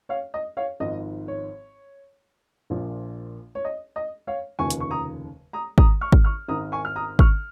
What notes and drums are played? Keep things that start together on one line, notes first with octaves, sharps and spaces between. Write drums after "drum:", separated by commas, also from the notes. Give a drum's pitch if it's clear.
C#5 F5
D#5
C#5 F5
G#1 G#2 F3 D#5
C#5
A#1 A#2 F3
C#5
D#5
D#5
C#5 F5
F1 D#2 C#3 F3 G#5 C#6
drum: hi-hat
C#6
A#5 D#6
A#5 D#6
A#5 D#6, drum: kick G#1
C#6 F6
drum: kick G#1
C#6 F6
G#1 G#2 D#3 A#5 D#6
G#5 C#6
F6
A#5 D#6
C#6 F6, drum: kick G#1